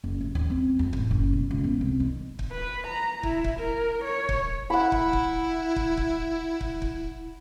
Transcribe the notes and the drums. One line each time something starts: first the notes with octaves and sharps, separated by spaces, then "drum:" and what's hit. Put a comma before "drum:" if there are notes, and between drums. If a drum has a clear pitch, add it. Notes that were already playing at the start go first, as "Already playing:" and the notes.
F#1
C#2
D#2
C4
F2
A1, drum: kick
F#1
B2
C#2
B3
C2
D#3
drum: kick
B4
A#5
E4, drum: kick
drum: kick
A#4
C#5
drum: kick
E4 F#5 B5
drum: kick
drum: kick
drum: kick
drum: kick
drum: kick
drum: kick